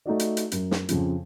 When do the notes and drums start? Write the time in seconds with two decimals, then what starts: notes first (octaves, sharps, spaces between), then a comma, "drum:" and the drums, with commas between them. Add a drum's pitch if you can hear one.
0.06 A3 D#4 F#4 D5
0.20 drum: hi-hat
0.37 drum: hi-hat
0.52 F#2, drum: hi-hat
0.71 drum: snare
0.89 F2 C#3 F3, drum: hi-hat